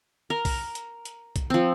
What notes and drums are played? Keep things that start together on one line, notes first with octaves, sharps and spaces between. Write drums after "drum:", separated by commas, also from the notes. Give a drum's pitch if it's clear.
A#4
drum: kick B1, open hi-hat
drum: hi-hat
drum: hi-hat
drum: kick B1, hi-hat
F3 C4